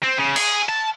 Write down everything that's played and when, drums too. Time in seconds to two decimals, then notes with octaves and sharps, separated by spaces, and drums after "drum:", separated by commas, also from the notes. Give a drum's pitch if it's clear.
0.04 C4
0.18 C#3
0.36 G#4, drum: cymbal
0.69 A5